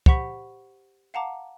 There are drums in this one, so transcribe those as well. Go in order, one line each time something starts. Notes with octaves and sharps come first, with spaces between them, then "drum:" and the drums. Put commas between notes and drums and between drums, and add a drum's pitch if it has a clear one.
G4 C5 F#5 B5 C#6 B6, drum: kick
F5 F#5 A5 A#5 D6